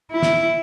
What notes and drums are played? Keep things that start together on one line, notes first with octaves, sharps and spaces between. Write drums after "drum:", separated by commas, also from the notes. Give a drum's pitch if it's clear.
E4
drum: snare